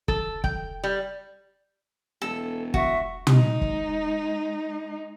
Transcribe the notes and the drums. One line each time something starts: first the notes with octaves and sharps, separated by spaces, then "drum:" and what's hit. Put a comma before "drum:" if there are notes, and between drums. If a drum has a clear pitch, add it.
A4, drum: kick
G5, drum: kick
G3
E1 A4
F#4 E5 C#6, drum: kick
G#3 D#4, drum: tom
drum: kick